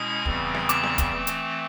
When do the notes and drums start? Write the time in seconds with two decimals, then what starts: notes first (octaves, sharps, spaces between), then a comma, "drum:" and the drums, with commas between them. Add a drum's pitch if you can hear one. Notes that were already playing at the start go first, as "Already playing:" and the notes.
Already playing: B2 G#3 C#4 E4 D#6
0.26 E2 C#3 E3 G3 C4, drum: kick
0.55 drum: snare
0.69 D6, drum: hi-hat
0.84 drum: snare
0.98 drum: kick, hi-hat
1.13 E3 A3 C4
1.27 drum: hi-hat